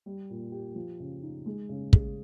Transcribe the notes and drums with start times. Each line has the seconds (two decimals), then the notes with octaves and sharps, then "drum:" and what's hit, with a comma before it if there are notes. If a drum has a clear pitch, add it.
0.06 G3
0.30 A#2
0.52 G4
0.75 F3
1.00 C#3
1.23 D#4
1.46 G#3
1.69 C#3
1.93 G#4, drum: kick